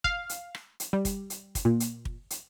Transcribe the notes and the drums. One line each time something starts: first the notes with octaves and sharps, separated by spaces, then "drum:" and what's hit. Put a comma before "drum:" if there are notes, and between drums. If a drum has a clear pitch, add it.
F5, drum: kick
drum: hi-hat
drum: rim click
drum: hi-hat
G3
drum: kick, hi-hat
drum: hi-hat
drum: kick, hi-hat
A#2
drum: hi-hat
drum: kick
drum: hi-hat